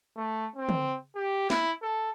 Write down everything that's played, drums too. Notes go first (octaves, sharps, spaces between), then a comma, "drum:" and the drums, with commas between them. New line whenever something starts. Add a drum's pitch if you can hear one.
A3
C4
drum: tom
G4
E4, drum: snare
A4